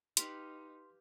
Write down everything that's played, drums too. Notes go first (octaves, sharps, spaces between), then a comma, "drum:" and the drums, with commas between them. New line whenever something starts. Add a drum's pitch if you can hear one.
D#4 G4 B4 F5 C6, drum: hi-hat